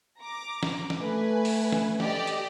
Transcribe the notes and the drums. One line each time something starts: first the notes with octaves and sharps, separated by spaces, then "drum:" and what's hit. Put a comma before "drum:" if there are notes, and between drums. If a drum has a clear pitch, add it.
A#5 D6
drum: snare
drum: snare
A3 B4 G#5
drum: open hi-hat
drum: snare
G4 D5 D#5, drum: snare
drum: hi-hat